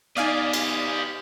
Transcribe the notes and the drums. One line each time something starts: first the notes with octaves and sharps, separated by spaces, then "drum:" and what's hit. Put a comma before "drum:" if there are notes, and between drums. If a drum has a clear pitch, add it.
B3 D#4 G4 D5 D#5 F5 G#5
drum: cymbal